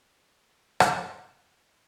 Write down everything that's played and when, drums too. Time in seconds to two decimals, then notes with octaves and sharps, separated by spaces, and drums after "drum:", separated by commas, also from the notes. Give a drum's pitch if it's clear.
0.15 A#3 F#4 D#5 A6
0.47 F#2 A#2
0.80 drum: rim click
0.94 G#3 C#5 E5 F#6
1.38 B2 G#4 D#5 E5 A#5